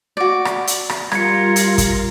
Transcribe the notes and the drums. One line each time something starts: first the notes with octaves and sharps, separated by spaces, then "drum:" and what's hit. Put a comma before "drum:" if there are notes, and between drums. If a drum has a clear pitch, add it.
F#4 D5
drum: rim click
drum: hi-hat
drum: rim click
G3 F4 A#4 G#6 C#7, drum: rim click
drum: hi-hat
drum: kick, hi-hat